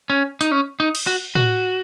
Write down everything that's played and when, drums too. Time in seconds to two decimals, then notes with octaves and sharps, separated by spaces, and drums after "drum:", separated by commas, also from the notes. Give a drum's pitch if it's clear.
0.10 C#4
0.41 D#4, drum: hi-hat
0.51 C#4
0.80 D#4
0.95 drum: cymbal
1.07 F#4
1.35 F#4, drum: tom A2